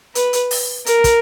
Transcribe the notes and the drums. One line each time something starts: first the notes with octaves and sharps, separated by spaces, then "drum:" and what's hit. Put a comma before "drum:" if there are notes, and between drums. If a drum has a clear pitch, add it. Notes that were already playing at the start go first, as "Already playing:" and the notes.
B4, drum: hi-hat
drum: hi-hat
drum: open hi-hat
A#4, drum: hi-hat
drum: kick, hi-hat